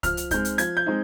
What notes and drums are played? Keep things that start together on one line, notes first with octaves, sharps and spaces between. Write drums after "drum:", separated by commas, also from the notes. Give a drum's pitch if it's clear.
F3 F6, drum: kick C#2, hi-hat
drum: hi-hat
G#3 C4 D#4 G6, drum: kick C#2, hi-hat
drum: hi-hat
F3 G#6, drum: hi-hat
G6
G#3 C4 D#4